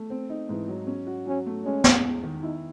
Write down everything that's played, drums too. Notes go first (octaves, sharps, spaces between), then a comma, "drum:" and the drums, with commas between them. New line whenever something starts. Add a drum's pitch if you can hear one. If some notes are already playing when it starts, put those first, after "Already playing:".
Already playing: A3
C4
D#4
G#2 E3
F#3
C#4
F#4
F#3 C#4
A3
G#3 C#4
E2, drum: snare
E2
D#3
D#4 E4